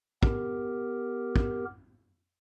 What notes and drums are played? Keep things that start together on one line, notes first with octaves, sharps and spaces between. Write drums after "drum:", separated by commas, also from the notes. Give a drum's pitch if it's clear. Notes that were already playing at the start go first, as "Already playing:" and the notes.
B3 G4 A#4, drum: kick
drum: kick